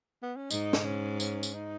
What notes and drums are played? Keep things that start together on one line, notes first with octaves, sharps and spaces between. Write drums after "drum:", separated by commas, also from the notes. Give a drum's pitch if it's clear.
B3
C#4
G#2 D#4, drum: tambourine
drum: snare
C#4
C#4, drum: tambourine
drum: tambourine
D#4